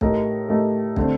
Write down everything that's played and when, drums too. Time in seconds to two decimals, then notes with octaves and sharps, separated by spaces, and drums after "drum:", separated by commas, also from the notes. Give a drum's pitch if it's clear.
0.01 A2 A3 D#4 G4 A#4, drum: kick
0.48 A2 A3 D#4 G4 A#4
0.96 D3 A3 C4, drum: kick